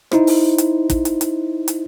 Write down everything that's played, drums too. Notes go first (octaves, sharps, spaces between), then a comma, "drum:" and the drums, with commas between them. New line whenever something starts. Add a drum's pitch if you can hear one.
D#4 E4 C5, drum: rim click
drum: open hi-hat
drum: hi-hat
drum: kick, hi-hat
drum: hi-hat
drum: hi-hat
drum: hi-hat